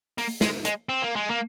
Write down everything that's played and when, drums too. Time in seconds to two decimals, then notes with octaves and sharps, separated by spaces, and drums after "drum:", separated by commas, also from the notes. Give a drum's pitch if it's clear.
0.18 A#3, drum: open hi-hat
0.41 G#3, drum: snare
0.65 G#3, drum: hi-hat
0.89 C4
1.02 A#3
1.16 G#3
1.30 A#3